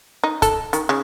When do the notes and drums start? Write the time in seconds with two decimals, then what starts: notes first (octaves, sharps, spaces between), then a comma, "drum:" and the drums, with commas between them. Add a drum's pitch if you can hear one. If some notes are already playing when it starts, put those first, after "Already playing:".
0.24 D#4
0.42 A4, drum: kick, hi-hat
0.73 D#3, drum: hi-hat
0.89 C#3